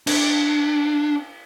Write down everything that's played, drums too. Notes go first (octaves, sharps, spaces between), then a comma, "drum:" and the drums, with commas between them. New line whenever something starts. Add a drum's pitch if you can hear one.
D4, drum: cymbal